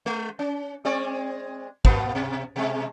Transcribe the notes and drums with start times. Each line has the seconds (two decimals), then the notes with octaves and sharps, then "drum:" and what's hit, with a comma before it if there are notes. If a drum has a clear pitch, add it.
0.06 G#3
0.39 C#4
0.85 G#3 C4 D5
1.85 A#2 A#3 B3, drum: kick
2.15 B2
2.56 B2 G#3